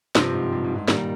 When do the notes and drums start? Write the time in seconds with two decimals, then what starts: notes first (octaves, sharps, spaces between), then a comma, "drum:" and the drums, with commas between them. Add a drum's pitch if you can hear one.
0.15 G2 C3 F3 C4, drum: snare
0.34 G#2
0.52 G2
0.64 G#2
0.76 G#2
0.88 A#2 D#3 G3, drum: snare